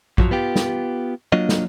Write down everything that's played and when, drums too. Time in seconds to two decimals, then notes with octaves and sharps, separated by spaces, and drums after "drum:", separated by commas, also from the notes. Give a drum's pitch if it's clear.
0.18 F#2 F3 F#3, drum: kick
0.31 B3 F4 G4
0.56 drum: snare
1.32 F#3 A#3 D4 F4 D#5
1.49 drum: snare